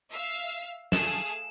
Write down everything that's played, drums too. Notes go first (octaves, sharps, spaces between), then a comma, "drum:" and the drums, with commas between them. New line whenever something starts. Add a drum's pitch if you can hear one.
E5 F5 E6
A3 G#4 F5 E7, drum: snare